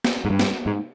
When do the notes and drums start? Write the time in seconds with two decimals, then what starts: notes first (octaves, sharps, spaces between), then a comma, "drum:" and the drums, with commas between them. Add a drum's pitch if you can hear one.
0.05 drum: snare
0.25 G#2
0.30 G2
0.39 drum: snare
0.66 G#2